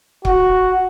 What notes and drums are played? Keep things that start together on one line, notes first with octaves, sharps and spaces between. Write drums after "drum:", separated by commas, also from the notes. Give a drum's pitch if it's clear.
F#4, drum: kick C#1